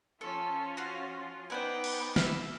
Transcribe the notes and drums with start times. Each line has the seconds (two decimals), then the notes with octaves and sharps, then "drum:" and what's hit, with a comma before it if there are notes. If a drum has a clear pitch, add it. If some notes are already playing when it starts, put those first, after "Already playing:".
0.21 F3 C#4 F4 A4
0.77 F#4 F5
1.50 B3 D#4 C5 D5 G5 G#5
1.84 drum: cymbal
2.16 E4 E5 F6, drum: snare